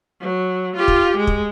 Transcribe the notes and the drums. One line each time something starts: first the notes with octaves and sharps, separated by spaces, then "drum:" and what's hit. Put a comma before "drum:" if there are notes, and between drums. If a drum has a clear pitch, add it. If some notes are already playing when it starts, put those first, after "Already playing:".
F#3
F4 G4
drum: kick
G#3
drum: kick